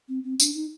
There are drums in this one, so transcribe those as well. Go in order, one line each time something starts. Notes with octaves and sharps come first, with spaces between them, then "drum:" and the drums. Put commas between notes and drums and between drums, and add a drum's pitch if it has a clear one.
C4
C4
D4, drum: tambourine
D#4